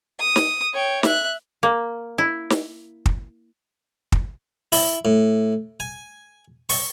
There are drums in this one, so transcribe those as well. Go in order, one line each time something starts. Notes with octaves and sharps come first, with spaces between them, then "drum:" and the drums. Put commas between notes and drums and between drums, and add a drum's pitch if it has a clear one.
D#6
drum: snare
C#5 G5
E5 F#6, drum: snare
A#3
E4
drum: snare
drum: kick
drum: kick
E4, drum: open hi-hat
A2
G#5
C#6, drum: open hi-hat